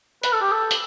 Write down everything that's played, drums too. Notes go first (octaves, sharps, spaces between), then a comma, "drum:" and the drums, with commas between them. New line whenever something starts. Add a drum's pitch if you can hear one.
B4, drum: hi-hat
A4
G4
A4
drum: hi-hat